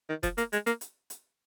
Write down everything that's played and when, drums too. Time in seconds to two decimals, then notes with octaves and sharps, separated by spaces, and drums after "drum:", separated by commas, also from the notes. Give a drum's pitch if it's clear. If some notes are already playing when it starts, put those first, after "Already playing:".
0.09 D#3
0.23 F3, drum: kick F1, hi-hat
0.38 A#3, drum: hi-hat
0.53 G#3, drum: hi-hat
0.66 A#3, drum: hi-hat
0.81 drum: hi-hat
1.10 drum: hi-hat